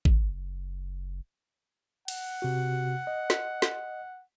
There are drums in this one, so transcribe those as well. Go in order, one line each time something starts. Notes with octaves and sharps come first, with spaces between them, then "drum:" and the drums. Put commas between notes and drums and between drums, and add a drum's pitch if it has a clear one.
F#1, drum: kick G#1
F#5, drum: cymbal
C3 F#4
D#5
drum: snare
drum: snare